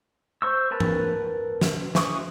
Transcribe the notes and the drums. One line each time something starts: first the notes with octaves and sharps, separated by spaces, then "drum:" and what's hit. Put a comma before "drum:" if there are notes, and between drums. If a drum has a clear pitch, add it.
C5 C#6 E6
A#4 B4 A5 B5
drum: tom
drum: snare
E3 C#6 D#6, drum: snare